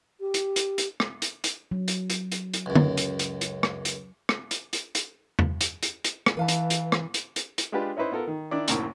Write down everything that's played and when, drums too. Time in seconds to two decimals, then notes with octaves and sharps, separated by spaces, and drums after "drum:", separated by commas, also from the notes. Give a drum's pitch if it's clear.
0.20 G4
0.34 drum: hi-hat
0.56 drum: hi-hat
0.78 drum: hi-hat
1.00 drum: rim click
1.22 drum: hi-hat
1.44 drum: hi-hat
1.71 F#3
1.88 drum: hi-hat
2.10 drum: hi-hat
2.32 drum: hi-hat
2.54 drum: hi-hat
2.66 C#2 F#2
2.75 drum: tom D3
2.97 drum: hi-hat
3.19 drum: hi-hat
3.41 drum: hi-hat
3.63 drum: rim click
3.85 drum: hi-hat
4.29 drum: rim click
4.51 drum: hi-hat
4.73 drum: hi-hat
4.95 drum: hi-hat
5.39 drum: tom E2
5.61 drum: hi-hat
5.83 drum: hi-hat
6.04 drum: hi-hat
6.26 drum: rim click
6.37 E3 B4 F5 A5
6.48 drum: hi-hat
6.70 drum: hi-hat
6.92 drum: rim click
7.14 drum: hi-hat
7.36 drum: hi-hat
7.58 drum: hi-hat
7.72 G#3 D4 F4 G4 G#4 B4
7.97 C#4 D#4 E4 B4 C5
8.12 B3 F4 A4 A#4
8.27 D#3
8.51 D#3 D4 E4 D5
8.68 C2 F#2 A2 D#3 A#3, drum: hi-hat